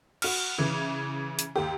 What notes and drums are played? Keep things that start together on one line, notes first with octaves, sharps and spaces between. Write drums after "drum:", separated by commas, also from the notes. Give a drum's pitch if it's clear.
F#4 F6, drum: cymbal
C#3 E3
drum: hi-hat
D#2 G4